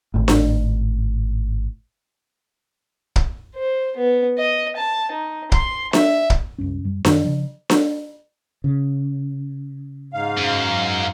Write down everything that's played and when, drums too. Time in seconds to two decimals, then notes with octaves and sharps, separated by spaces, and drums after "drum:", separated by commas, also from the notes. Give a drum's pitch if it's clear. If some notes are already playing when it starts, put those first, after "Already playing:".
0.14 G#1 A2
0.28 drum: snare D4
3.16 drum: kick
3.56 C5
3.97 B3
4.38 D#5
4.76 A5
5.11 D#4
5.52 C6, drum: kick
5.93 E5, drum: snare D4
6.30 drum: kick
6.58 C2 F#2 C#4
6.84 F#2 G3
7.05 F#2 D#3, drum: snare D4
7.24 C#3 F3
7.70 drum: snare D4
8.64 C#3
10.13 G#2 F5
10.37 F#2